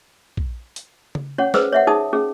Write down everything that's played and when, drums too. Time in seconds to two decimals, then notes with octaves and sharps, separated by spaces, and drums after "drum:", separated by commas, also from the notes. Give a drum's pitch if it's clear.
0.37 drum: kick A#1
0.76 drum: hi-hat
1.15 drum: tom C#3
1.38 C#4 C#5 F#5
1.54 G#4 B4 C5 E6, drum: snare
1.73 C#5 E5 F#5
1.87 D#4 G#4 A5 D#6
2.13 C#4 G#4